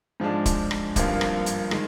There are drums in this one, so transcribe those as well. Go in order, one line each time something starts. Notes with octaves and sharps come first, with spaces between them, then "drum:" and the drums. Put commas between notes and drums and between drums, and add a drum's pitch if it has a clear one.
G#2 F3 G#3 D4
drum: kick, hi-hat
drum: rim click
G#1 G2 F3 A#3 F4, drum: kick, hi-hat
drum: rim click
drum: hi-hat
D#3 G#3, drum: rim click